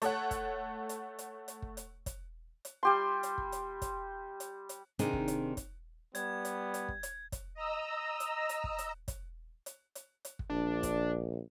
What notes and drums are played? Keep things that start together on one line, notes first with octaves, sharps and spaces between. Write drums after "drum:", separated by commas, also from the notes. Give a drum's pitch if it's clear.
A3 A4 C#5 F#5, drum: hi-hat
drum: kick, hi-hat
drum: hi-hat
drum: hi-hat
drum: hi-hat
drum: kick
drum: hi-hat
drum: kick, hi-hat
drum: hi-hat
G3 G4 C6
drum: hi-hat
drum: kick
drum: hi-hat
drum: kick, hi-hat
drum: hi-hat
drum: hi-hat
C3 D#3 C4 D4 D#4 G#4, drum: hi-hat
drum: kick
drum: hi-hat
drum: kick, hi-hat
G3 B3 G#6, drum: hi-hat
drum: hi-hat
drum: hi-hat
drum: kick
drum: hi-hat
drum: kick, hi-hat
D#5 A#5 E6
drum: hi-hat
drum: hi-hat
drum: kick
drum: hi-hat
drum: kick, hi-hat
drum: hi-hat
drum: hi-hat
drum: hi-hat
drum: kick
A#1 D4
drum: kick, hi-hat